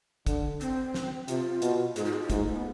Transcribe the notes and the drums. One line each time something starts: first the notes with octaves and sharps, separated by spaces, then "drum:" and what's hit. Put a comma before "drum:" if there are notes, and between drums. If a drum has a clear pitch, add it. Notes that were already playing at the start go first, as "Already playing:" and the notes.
D3, drum: kick, hi-hat
C4, drum: hi-hat
drum: snare
C3 F4, drum: hi-hat
B2, drum: hi-hat
G#2 G#4, drum: hi-hat
F4
G#4
F4
G#2 A3, drum: kick, hi-hat
A3
B3